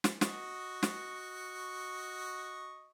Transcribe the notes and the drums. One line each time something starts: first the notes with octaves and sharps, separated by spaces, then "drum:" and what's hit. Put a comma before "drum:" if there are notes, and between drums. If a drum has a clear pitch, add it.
drum: snare
F#4 D#5 C#6, drum: snare
drum: snare